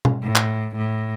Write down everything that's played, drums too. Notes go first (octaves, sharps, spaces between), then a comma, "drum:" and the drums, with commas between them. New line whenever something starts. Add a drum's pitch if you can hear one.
drum: tom B2
A2
drum: clap
A2